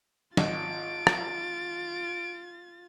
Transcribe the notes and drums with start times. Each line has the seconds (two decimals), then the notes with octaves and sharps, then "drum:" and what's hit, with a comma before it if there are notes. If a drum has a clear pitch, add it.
0.37 G#1 F4 A6 D7, drum: snare
1.07 drum: rim click